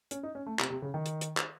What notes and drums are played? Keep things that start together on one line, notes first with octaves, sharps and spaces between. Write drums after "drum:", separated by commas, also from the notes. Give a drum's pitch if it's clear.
C#4, drum: hi-hat
D#4
C#4
A3
C3, drum: clap
C3
C#3
D#3
drum: hi-hat
drum: hi-hat
drum: clap